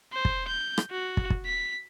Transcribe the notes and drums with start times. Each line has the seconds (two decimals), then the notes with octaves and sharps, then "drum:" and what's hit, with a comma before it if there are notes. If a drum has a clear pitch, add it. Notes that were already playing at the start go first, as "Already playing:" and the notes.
0.12 C5
0.25 drum: kick
0.47 G6
0.78 drum: rim click
0.91 F#4
1.17 drum: kick
1.30 drum: kick
1.46 B6